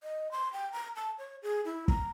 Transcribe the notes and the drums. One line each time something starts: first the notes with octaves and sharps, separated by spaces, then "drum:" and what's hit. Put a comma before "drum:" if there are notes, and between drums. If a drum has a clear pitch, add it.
D#5
C6
G5
A#5
A5
C#5
G#4
E4
A#5, drum: kick